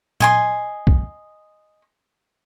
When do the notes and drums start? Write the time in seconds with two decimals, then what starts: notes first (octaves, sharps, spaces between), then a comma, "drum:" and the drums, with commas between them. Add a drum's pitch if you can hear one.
0.20 D#5 G#5 C6, drum: tom A#2
0.87 drum: kick B1